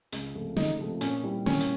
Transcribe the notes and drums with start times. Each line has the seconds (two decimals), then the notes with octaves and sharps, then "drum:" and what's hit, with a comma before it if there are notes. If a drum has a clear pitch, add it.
0.12 C#2, drum: hi-hat
0.35 C3 F3 A3
0.57 C#2 D#4, drum: snare
0.78 C3 F3 A3
1.01 A#2 C#4, drum: hi-hat
1.23 G3 C4 E4
1.46 A#2 C#4, drum: snare
1.61 drum: hi-hat